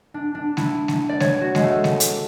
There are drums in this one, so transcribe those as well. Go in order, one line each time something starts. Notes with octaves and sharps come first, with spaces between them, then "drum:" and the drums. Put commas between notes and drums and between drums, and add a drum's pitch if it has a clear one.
D4
D4
E4, drum: snare G#3
drum: snare G#3
D5
C#5, drum: snare G#3
F#4
G#3, drum: snare G#3
A3
drum: snare G#3
drum: hi-hat